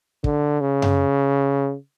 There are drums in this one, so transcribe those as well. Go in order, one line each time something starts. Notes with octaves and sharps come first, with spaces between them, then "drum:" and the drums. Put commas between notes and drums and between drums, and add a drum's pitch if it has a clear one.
D3, drum: kick
C#3
drum: tom F#2